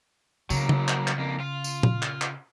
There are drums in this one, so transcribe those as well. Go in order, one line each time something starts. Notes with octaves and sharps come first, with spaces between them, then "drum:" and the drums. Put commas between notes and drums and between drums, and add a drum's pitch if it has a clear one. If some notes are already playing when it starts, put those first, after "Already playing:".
C#3 F#3 A#3, drum: tambourine
drum: tom C#3
drum: clap
drum: clap
F2 A#3
F4
drum: tambourine
drum: tom A#2
drum: clap
drum: clap